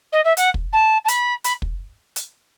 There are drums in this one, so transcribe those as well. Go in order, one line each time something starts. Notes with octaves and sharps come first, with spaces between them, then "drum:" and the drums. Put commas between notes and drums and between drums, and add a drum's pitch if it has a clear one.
D#5
E5
F#5, drum: hi-hat
drum: kick
A5
A5
B5, drum: hi-hat
B5, drum: hi-hat
drum: kick
drum: hi-hat